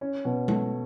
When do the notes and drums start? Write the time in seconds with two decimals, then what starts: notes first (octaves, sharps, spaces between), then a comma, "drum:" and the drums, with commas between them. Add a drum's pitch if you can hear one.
0.01 C#4
0.25 B2
0.48 A3, drum: tom G#3